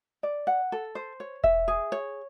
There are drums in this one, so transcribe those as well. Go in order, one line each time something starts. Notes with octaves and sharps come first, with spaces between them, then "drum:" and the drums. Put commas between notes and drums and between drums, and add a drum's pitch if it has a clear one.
D5
F#5
A4
C5
C#5
E5, drum: kick E1
G#4
C#5